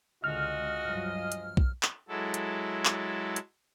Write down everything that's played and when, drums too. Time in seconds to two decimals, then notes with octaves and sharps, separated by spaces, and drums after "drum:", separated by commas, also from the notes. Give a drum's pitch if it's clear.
0.24 C#2 D3 G#3 F4 F#4 D#5 F6
0.84 G2 F3 F#3
1.32 drum: hi-hat
1.57 drum: kick B1
1.83 drum: clap
2.08 F#3 G#3 E4 A4
2.34 drum: hi-hat
2.85 drum: clap
3.36 drum: hi-hat